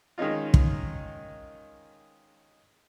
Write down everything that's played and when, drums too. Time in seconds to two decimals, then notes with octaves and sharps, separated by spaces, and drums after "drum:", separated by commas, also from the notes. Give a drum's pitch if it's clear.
0.18 D#3 G#3 C#4 D#4 F4
0.54 drum: kick